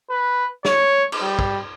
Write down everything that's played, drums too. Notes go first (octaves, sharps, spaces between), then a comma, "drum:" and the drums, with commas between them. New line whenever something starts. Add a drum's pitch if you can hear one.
B4
C#5, drum: snare
drum: cymbal
G3
drum: kick